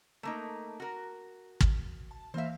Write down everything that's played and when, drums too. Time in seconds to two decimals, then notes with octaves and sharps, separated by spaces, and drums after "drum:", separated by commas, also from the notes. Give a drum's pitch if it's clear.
0.23 A3 A#3 D#4
0.80 F#4 A#4
1.61 drum: kick
2.11 A5
2.34 E3 A#3 C5 E5 F5